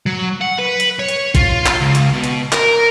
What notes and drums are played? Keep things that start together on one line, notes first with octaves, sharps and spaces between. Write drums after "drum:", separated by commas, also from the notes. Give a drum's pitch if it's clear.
F#3
F#5
B4
drum: hi-hat
C#5
drum: hi-hat
F4, drum: kick, hi-hat
drum: clap
C#2
drum: hi-hat
B2
drum: hi-hat
A#4, drum: clap